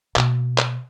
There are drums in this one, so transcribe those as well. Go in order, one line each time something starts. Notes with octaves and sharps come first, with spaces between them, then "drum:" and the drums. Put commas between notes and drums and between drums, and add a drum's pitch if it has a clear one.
B2 A#3, drum: clap
drum: clap